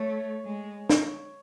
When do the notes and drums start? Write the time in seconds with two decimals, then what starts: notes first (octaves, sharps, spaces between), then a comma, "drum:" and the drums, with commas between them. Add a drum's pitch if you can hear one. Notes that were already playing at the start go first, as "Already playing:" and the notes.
Already playing: A3 C#5
0.45 G#3
0.89 drum: snare